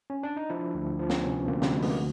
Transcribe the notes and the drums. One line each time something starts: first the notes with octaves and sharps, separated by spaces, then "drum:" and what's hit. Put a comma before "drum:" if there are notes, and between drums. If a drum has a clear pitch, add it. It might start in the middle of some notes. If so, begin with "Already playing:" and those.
C#4
D4
D#4
F3 D4 E4
D2
F3
drum: snare
C3 B3 C#4
D2 A#3 C4
G3, drum: snare
D2 G#3
B3, drum: open hi-hat
A#3